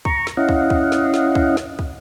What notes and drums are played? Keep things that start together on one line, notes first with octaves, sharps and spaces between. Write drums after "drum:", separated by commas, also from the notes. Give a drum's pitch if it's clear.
A#5 C#6, drum: kick
drum: snare
C#4 E4 D#5 F5 F#5
drum: kick
drum: kick
drum: snare
drum: snare
drum: kick
drum: snare
drum: kick